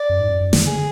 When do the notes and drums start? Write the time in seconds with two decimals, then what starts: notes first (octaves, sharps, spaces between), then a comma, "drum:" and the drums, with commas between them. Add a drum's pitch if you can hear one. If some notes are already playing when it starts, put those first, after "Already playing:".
Already playing: D5
0.09 F#2
0.19 G#2
0.29 F#2
0.40 F#2
0.53 E3, drum: snare
0.66 D3 G#4